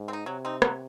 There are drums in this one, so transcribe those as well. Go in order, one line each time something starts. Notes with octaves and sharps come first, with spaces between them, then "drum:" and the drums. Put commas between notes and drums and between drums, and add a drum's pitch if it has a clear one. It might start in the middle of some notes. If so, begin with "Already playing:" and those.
Already playing: G#2
C4
D#4
C3 F#3
C4 D#4
F#3, drum: rim click